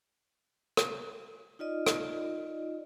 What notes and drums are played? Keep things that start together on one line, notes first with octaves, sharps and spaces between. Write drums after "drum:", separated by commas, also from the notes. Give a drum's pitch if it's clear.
drum: rim click
D#4 F4 D5 D#5
drum: rim click